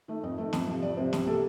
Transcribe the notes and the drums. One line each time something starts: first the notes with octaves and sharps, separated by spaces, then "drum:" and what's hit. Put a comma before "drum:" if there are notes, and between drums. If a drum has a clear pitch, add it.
D#3 A3
F2 D#5
D#3 A3
F2, drum: snare
C3 F3
F2 D5
C3 F3 C5
C2, drum: snare
C3 G3 A#3 A4